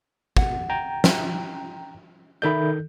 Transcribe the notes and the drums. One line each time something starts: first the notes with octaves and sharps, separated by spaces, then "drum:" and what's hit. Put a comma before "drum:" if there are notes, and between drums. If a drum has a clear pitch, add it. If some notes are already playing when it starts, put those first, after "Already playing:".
F#5, drum: kick
G5 A#5
drum: snare
D#3 A4 D5 E5 B5 G6